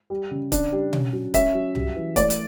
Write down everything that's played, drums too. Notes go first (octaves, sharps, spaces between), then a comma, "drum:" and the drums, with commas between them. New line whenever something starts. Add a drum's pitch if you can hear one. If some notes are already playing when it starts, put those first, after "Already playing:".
G3
C#3
D4, drum: kick C#1, hi-hat
G3
C#4, drum: tom B2
F#3
C#4 E5, drum: kick C#1, hi-hat
F#3
G3, drum: tom C2
E3
A3 D5, drum: kick C#1, hi-hat
drum: hi-hat